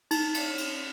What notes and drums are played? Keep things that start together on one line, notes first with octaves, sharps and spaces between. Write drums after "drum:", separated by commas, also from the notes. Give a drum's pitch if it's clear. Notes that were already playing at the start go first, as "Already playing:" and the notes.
D#4, drum: cymbal
drum: cymbal
drum: cymbal